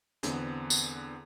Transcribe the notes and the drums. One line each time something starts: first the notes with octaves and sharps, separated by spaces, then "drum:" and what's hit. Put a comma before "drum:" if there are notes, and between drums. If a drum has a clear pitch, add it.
E2 D3 B3 C4, drum: hi-hat
drum: tambourine